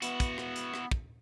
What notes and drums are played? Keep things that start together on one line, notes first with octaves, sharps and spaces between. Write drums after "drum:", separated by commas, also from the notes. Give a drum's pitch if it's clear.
B3 E4 F#4, drum: hi-hat
drum: kick, hi-hat
drum: rim click
drum: hi-hat
drum: rim click
drum: kick